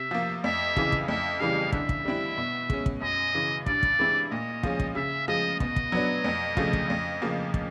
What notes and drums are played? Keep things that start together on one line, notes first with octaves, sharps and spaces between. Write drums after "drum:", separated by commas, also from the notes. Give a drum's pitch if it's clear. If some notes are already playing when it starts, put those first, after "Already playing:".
Already playing: C3 E5
F3 A#3
F2 E5
C#3 E3, drum: kick
drum: kick
F2 E5
C#3 E3 G3 F5
D3 E5, drum: kick
drum: kick
G3 C4 E4
B2
G#3 C#4, drum: kick
drum: kick
F#2 D#5
C#3 E3
G2 D5, drum: kick
drum: kick
E3 G#3 C4 E4
A#2 D#5
F3 G#3 C#4, drum: kick
drum: kick
C#3 E5
F3 G#3 D#5
B2 D#5, drum: kick
drum: kick
F#3 B3 D4
F2
C#3 F3 A3, drum: kick
drum: kick
F2
C#3 F3 A#3
drum: kick